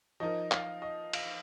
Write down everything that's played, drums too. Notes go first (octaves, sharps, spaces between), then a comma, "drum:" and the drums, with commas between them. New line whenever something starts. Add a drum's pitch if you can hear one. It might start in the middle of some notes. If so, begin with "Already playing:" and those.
F3 D#4 A#4 D#5
F5, drum: clap
D#5
F5, drum: cymbal